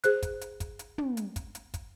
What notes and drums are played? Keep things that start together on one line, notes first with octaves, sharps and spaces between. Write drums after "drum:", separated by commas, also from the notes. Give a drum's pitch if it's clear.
G#4 C5 F#6, drum: hi-hat
drum: kick, hi-hat
drum: hi-hat
drum: kick, hi-hat
drum: hi-hat
drum: tom
drum: hi-hat
drum: kick, hi-hat
drum: hi-hat
drum: kick, hi-hat